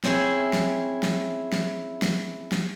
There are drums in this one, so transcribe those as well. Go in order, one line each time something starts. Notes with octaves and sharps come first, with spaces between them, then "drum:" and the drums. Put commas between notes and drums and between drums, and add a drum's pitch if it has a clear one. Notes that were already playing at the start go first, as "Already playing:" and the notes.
C4 C#4 E4 G#4 E5, drum: snare
drum: snare
drum: snare
drum: snare
drum: snare
drum: snare